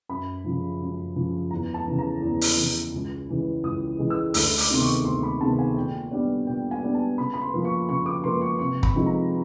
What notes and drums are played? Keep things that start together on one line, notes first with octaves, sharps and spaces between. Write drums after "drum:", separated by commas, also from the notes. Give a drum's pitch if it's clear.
F#2 B5
F3
C#3
F#2
C#3 F3
E2 A#5
A5
C#3 E3
A#5
E2
drum: open hi-hat
C#3 E3
C#2
C#3 E3 G#3
C#2 D#6
C#3 E3 G#3
E6
D2 E6, drum: open hi-hat
D6, drum: open hi-hat
C3 D#3 G#3 B3 C6
C#6
D2 C6
B5
C3 D#3 G#3 B3 A5
G#5
A#2 G5
G3 B3 D4
A#2 G5
G#5
G3 B3 D4
A5
C#3 B5
B5
C6
F3 A#3
C#6
C#3 C#6
D6
F3 A#3 C6
C#6
C3 C#6
B5, drum: kick
F3 G#3 C4 D#4
A#5